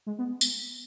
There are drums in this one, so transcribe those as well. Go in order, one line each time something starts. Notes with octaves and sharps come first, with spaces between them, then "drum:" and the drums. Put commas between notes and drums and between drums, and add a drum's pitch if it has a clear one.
G#3
B3
drum: tambourine